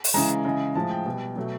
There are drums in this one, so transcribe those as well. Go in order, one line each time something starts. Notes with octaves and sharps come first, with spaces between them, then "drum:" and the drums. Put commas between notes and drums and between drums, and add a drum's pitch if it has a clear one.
drum: open hi-hat
C#3 E3 G#3 A#5
C#3 E3 G#3
A2 F3 G#3 A5
G5
B2 G3
B2 F#3 A3